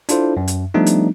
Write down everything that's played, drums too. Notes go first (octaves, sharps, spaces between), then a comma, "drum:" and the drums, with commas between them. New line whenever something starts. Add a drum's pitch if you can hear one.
D4 E4 F4 A4 C5, drum: hi-hat
F#2
drum: hi-hat
F3 G3 A3 B3 D4 D#4
drum: hi-hat